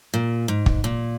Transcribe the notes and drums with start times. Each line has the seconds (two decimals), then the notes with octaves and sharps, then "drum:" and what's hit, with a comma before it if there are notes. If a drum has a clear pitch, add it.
0.14 A#2
0.48 G#2
0.66 drum: kick
0.84 A#2